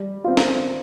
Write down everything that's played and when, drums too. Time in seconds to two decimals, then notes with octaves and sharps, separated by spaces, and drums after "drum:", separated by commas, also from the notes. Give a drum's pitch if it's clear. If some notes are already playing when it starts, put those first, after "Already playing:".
Already playing: G3
0.24 C4 F4
0.37 drum: snare